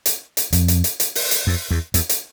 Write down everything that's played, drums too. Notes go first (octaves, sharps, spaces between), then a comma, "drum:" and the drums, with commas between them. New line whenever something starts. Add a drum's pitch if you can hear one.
drum: hi-hat
drum: hi-hat
F2, drum: hi-hat
drum: hi-hat
drum: hi-hat
drum: hi-hat
drum: open hi-hat
drum: hi-hat
F2
E2
E2, drum: hi-hat
drum: hi-hat